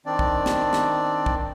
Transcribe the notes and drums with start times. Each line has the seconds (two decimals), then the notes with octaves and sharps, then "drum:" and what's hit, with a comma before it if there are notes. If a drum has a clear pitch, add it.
0.06 D#3 C4 D4 D5
0.19 drum: kick
0.46 drum: snare
0.73 drum: snare
1.26 drum: kick